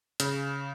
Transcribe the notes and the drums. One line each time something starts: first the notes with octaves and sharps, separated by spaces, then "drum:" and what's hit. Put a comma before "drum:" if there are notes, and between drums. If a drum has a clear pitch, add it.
C#3, drum: hi-hat